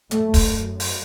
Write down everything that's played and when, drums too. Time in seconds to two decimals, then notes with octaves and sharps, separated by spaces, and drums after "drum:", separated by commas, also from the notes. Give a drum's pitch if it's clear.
0.11 F#2 A3, drum: hi-hat
0.34 drum: kick, open hi-hat
0.80 drum: open hi-hat